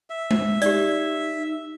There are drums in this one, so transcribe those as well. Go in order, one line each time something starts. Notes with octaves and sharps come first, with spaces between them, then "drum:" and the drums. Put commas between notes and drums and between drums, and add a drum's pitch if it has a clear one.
E5
drum: tom G#3
D#4 G4 D5, drum: hi-hat